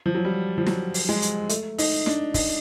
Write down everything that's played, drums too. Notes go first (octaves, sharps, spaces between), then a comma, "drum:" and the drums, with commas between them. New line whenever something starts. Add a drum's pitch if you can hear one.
F3
F#3
G3
F3
F#3, drum: snare
drum: open hi-hat
G#3
drum: hi-hat
A3, drum: hi-hat
D#4, drum: open hi-hat
D4, drum: snare
D#4, drum: kick, open hi-hat